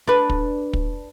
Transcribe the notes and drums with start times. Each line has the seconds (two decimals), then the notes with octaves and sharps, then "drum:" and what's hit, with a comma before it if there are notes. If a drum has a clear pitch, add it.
0.08 D4 B4
0.29 drum: kick
0.73 drum: kick